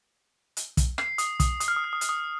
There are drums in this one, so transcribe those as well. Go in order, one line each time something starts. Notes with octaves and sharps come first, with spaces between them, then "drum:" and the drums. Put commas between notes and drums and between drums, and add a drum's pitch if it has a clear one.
drum: hi-hat
drum: kick, hi-hat
C7, drum: rim click
D#6, drum: hi-hat
D#6, drum: kick, hi-hat
D#6, drum: hi-hat
F6
D#6
F6
D#6
F6, drum: hi-hat
D#6
F6